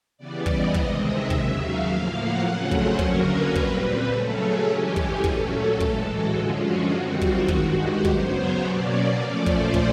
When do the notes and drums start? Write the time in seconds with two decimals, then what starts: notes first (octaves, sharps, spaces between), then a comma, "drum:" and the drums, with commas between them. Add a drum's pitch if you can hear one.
0.18 C#3 E3 G3 B3 D5
0.46 D#5, drum: kick
0.74 C3 D#3 G#3 C4, drum: kick
1.03 E5
1.30 D#2 C#3 F#3, drum: kick
1.59 F5
1.87 A2 F3 A#3
2.14 F#5
2.43 F2 C#3 F#3 A3 C#4
2.71 C5, drum: kick
2.99 F#2 D3 F#3 A#3 C#4 A#4, drum: kick
3.28 B4
3.55 A#2 G3 C4, drum: kick
4.12 C#3 F#3 A3 C#4 A4
4.40 G#4
4.67 G2 E3 G#3 C#4 G4
4.96 G#4, drum: kick
5.24 A#2 F#3 A3 C#4 A4, drum: kick
5.80 A2 E3 G#3, drum: kick
6.08 F#4
6.36 F#2 D3 F3 G#3 C#4 F4
6.65 F#4
6.93 F#2 D#3 G3 C4
7.21 F4, drum: kick
7.48 G2 D#3 G#3 F#4, drum: kick
7.77 G4
8.05 F#2 C#3 F#3 B3 C5, drum: kick
8.33 C#5
8.61 B2 F#3 A#3 C#4 D5
9.17 A#2 F3 A3 C#4
9.46 C5, drum: kick
9.74 drum: kick